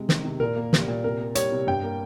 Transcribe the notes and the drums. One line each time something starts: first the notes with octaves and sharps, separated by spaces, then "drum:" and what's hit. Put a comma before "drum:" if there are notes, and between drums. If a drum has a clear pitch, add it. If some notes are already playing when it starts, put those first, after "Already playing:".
Already playing: C3 G#3
D#3, drum: snare
C3
A#2 A#4
A#3
G3, drum: snare
A#2
C3 A#4
A#3
G3 C#5, drum: hi-hat
C3
G2 G5
A#3